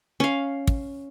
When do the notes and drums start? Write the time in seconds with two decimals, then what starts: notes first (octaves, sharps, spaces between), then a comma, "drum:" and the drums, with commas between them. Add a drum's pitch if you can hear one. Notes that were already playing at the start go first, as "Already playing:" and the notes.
0.20 C#4 F5
0.67 drum: kick